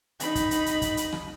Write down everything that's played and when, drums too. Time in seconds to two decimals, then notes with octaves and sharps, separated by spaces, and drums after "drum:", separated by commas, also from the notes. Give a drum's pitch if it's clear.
0.20 D#4 B5, drum: hi-hat
0.35 drum: kick, hi-hat
0.51 drum: hi-hat
0.66 drum: hi-hat
0.82 drum: kick, hi-hat
0.97 drum: hi-hat
1.12 drum: rim click